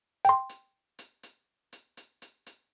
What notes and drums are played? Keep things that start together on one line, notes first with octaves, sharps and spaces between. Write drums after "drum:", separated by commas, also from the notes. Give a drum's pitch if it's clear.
G5 C6, drum: hi-hat
drum: hi-hat
drum: hi-hat
drum: hi-hat
drum: hi-hat
drum: hi-hat
drum: hi-hat
drum: hi-hat